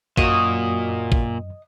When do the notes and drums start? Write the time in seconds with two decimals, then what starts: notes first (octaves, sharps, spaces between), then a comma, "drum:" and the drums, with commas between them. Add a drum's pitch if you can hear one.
0.17 F#2 A#2 F#3 A#3 F#4 D#5, drum: kick
1.12 drum: kick